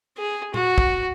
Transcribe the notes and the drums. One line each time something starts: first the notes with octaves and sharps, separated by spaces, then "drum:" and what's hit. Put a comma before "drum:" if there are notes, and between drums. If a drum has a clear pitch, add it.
G#4
F#4, drum: tom A#2
drum: kick